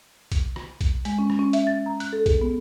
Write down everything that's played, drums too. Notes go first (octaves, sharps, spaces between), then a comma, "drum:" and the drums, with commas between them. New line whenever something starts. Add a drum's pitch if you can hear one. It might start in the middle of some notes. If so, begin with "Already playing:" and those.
drum: kick B1, hi-hat
drum: rim click
drum: kick B1, hi-hat
G#3, drum: hi-hat
C#4
drum: rim click
C#4
E5, drum: hi-hat
A6
A#5
F#6, drum: hi-hat
A4
G#4, drum: kick B1, hi-hat
B3